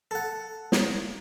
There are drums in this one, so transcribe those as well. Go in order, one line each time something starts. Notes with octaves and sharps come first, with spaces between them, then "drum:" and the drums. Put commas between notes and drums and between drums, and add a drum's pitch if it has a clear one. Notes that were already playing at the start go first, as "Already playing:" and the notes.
A4 F#5
drum: snare